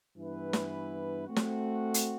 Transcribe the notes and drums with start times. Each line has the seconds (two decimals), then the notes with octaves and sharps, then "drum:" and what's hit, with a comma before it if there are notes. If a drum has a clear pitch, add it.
0.17 G2 E3 B3 E4 B4
0.53 drum: snare
1.26 A3 C4 F#4
1.36 drum: snare
1.94 drum: hi-hat